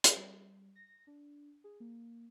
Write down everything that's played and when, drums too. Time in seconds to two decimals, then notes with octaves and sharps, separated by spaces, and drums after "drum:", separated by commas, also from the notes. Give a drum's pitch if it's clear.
0.04 drum: hi-hat
0.16 G3
0.76 A#6
1.07 D4
1.64 G#4
1.80 A#3